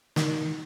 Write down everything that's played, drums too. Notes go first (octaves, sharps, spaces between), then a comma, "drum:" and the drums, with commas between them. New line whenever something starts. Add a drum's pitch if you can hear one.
D#3, drum: snare